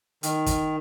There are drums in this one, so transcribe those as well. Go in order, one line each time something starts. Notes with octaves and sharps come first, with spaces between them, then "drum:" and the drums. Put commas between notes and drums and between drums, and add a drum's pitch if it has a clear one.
D#3, drum: hi-hat
drum: kick, hi-hat